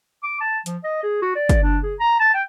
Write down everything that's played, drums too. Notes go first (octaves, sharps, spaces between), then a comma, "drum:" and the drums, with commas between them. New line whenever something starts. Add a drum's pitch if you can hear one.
D6
A5
F3, drum: hi-hat
D#5
G#4
F#4
D5
drum: kick, hi-hat
D4
G#4
A#5
A5
G5